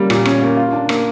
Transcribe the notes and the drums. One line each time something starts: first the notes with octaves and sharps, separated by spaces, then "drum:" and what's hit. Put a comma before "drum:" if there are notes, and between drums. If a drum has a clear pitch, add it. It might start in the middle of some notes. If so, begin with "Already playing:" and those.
Already playing: G3 A#3 C#4
A#2, drum: rim click
C#4, drum: rim click
A#3
F4
D4
A#3, drum: rim click